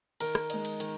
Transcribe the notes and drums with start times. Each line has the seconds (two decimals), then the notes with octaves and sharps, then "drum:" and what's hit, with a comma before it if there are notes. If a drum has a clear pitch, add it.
0.20 D#3 A#4, drum: cymbal
0.35 drum: rim click
0.50 G#3 D#4, drum: cymbal
0.65 drum: cymbal
0.80 D#3, drum: cymbal